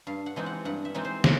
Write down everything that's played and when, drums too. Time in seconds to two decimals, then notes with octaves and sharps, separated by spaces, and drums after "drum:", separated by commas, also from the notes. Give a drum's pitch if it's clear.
0.07 G2 F5
0.26 F#5
0.36 E3 G#3 C4 D#4
0.46 F#5
0.65 G2 F#5
0.85 E5
0.94 E3 G#3 C4 D#4
1.05 C5
1.24 C#5, drum: snare